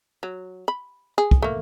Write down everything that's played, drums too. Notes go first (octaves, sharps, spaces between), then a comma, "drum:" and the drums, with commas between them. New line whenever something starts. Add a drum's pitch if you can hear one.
F#3
B5
G#4
drum: kick
A3 A#3